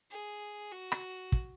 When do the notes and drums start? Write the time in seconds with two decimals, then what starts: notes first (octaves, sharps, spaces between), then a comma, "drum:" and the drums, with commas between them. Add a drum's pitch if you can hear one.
0.11 G#4
0.72 F#4
0.92 drum: rim click
1.32 drum: kick